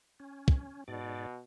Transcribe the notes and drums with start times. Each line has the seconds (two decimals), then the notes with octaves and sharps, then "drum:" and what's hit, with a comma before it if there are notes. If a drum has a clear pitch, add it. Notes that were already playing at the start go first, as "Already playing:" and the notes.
0.20 C#4
0.48 drum: kick
0.88 G#2 B2 D5